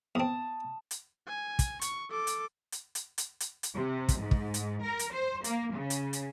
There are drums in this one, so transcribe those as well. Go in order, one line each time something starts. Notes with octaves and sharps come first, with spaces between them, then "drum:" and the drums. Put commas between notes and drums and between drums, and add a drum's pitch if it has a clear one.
E2 C4 A5 D#6
drum: hi-hat
G#5
drum: kick, hi-hat
C#6, drum: hi-hat
A4 D6
drum: hi-hat
drum: hi-hat
drum: hi-hat
drum: hi-hat
drum: hi-hat
drum: hi-hat
C3
drum: kick, hi-hat
G#2
drum: kick
drum: hi-hat
A#4
drum: hi-hat
C5
A#3, drum: hi-hat
C#3
drum: hi-hat
drum: hi-hat